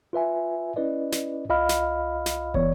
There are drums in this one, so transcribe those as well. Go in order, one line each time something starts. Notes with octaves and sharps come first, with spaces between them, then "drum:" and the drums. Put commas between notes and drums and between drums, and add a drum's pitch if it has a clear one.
F4 B4 E5 G#5
C#4 E4 B4 D5 D#5
drum: snare
C2 F4 D#5 F5 B5 F6
drum: snare
drum: snare
E3 B3 C#5 D5, drum: kick